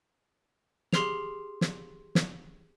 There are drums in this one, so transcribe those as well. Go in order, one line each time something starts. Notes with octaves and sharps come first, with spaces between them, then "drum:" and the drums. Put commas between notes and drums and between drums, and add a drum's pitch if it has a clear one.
G4 G#4 C6 F6 C7 F7, drum: snare
drum: snare
drum: snare